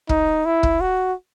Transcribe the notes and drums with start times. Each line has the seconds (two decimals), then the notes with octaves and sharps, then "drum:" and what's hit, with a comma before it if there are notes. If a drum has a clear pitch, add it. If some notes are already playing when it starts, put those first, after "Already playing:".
0.09 D#4, drum: kick
0.45 E4
0.63 drum: kick
0.81 F#4